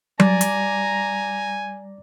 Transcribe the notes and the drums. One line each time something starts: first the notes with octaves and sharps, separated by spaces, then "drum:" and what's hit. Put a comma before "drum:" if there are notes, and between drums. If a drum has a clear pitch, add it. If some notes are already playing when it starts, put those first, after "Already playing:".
G3 D5 G#5 A#5, drum: tom F#3
drum: hi-hat